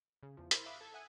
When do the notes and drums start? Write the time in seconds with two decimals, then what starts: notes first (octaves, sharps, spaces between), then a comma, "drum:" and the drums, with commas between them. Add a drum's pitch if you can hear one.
0.23 C#3
0.37 E2 F3
0.51 E4 A#4 C5, drum: hi-hat
0.66 E5 F5 B5 D6 D#6 F#6
0.81 A4 G#6
0.94 E5 F#5 G#5 D#6 F#6